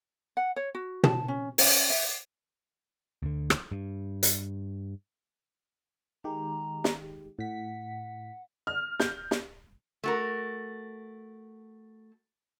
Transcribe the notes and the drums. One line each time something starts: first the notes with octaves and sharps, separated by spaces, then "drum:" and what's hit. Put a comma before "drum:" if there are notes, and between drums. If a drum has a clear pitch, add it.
F#5
C#5
F#4
A5, drum: tom
C#4
C#4, drum: open hi-hat
E5
D2 D3
drum: rim click
G2
drum: hi-hat
D#3 G#3 G4 A#5
drum: snare
A2 F#5 B6
F6
G6, drum: snare
drum: snare
A3 F#4 A#4